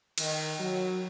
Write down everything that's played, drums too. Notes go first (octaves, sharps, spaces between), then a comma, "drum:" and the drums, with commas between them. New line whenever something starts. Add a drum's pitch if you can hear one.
D#3, drum: cymbal
F#3